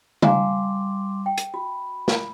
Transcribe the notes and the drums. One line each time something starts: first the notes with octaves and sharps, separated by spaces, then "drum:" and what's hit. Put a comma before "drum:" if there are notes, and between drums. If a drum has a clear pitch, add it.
G3 F5 G#5 A#5 C6 D6, drum: tom
G5
drum: hi-hat
F#4 B5
drum: snare